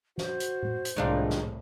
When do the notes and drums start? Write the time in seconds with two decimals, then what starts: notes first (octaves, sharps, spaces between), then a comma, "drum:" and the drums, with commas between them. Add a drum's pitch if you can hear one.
0.18 F#4 C5, drum: snare
0.40 drum: hi-hat
0.63 drum: tom A2
0.85 drum: hi-hat
0.97 C2 A2 D#3 G#3 D4 F4
1.30 drum: snare